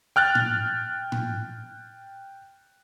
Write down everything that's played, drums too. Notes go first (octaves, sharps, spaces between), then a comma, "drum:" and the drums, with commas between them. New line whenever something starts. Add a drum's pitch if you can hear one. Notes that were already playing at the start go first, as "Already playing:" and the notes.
G5 F6 F#6 A6
drum: tom A2
drum: tom A2